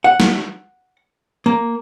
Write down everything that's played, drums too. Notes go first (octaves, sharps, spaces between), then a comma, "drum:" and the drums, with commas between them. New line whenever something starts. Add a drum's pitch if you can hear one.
F#5
drum: snare
A#3